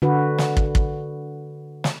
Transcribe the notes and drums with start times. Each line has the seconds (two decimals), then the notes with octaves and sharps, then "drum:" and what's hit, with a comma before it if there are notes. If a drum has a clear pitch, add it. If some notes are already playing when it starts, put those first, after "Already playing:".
0.02 D3 F#4 B4
0.38 drum: snare
0.57 drum: kick
0.75 drum: kick
1.84 drum: snare